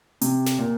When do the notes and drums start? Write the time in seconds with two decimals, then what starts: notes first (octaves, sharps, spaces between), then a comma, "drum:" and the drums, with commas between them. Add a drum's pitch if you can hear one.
0.21 C3, drum: hi-hat
0.46 drum: snare
0.59 A#2